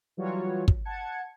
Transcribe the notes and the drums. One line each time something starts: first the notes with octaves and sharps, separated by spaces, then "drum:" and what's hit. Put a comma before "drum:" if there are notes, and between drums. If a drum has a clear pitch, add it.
E3 F#3 G3 F4 F#4 C#5
drum: kick
F#5 A5 G#6 C#7